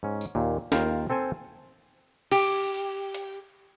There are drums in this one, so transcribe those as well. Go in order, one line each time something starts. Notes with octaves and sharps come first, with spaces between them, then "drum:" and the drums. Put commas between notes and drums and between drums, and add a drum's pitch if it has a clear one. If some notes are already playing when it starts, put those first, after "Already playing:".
G#2 C#4
drum: tambourine
D#2 A#2
D#2 F4 A#4 G5, drum: snare
C4 A4 C5 G#5
G4, drum: cymbal
drum: tambourine
drum: hi-hat